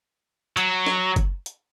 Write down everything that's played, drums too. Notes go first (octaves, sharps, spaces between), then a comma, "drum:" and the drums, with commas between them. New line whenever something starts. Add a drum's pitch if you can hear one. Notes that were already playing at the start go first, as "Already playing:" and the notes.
F#3, drum: hi-hat
drum: snare
drum: kick F#1, hi-hat
drum: hi-hat